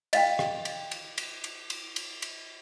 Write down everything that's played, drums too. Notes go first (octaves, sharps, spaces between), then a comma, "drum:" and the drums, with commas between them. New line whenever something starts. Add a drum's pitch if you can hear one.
D#5 F5 G5, drum: cymbal
drum: rim click
drum: cymbal
drum: cymbal
drum: cymbal
drum: cymbal
drum: cymbal
drum: cymbal
drum: cymbal